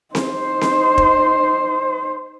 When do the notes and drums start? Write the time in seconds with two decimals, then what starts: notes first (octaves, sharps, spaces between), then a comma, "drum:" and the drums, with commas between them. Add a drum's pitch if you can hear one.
0.15 D#4 C5, drum: snare C4
0.61 drum: snare C4
0.98 drum: kick